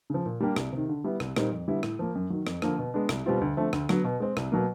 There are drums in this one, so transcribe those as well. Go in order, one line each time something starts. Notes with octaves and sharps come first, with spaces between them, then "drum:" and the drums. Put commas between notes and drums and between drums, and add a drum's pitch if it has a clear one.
C#3 F3
A#2
G3 A#3 D4 G4
C2, drum: rim click
C3 D#3
D3
G3 B3 E4
C2, drum: rim click
A#2 G3 C4 D#4, drum: rim click
F2
D3 G3 B3 E4
A2, drum: rim click
F3 A#3
F#2
D#3 F#3
F2, drum: rim click
D3 F3 A#3, drum: rim click
B2
G#3 B3 D4
C2, drum: rim click
B2 G3 C4 F4
D2
D3 F3 A3 C4
D2, drum: rim click
D3 F#3 B3, drum: rim click
B2
G#3 C4
C2, drum: rim click
B2 F#3 A#3